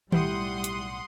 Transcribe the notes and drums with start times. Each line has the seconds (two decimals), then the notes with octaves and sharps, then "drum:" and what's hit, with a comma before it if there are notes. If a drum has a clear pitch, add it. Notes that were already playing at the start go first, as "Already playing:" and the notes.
0.12 B1 A2 G3 E4 G4 F#5 C6 D#6, drum: tom D#3
0.64 drum: hi-hat